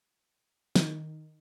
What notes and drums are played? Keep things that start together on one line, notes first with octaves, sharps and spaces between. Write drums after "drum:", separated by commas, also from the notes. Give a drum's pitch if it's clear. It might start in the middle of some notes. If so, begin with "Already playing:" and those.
D#3, drum: snare